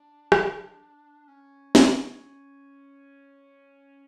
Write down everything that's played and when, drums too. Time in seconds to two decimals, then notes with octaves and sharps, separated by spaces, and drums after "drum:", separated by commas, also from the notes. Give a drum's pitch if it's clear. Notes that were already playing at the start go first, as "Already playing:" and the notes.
Already playing: D4
0.32 drum: rim click
1.28 C#4
1.75 drum: snare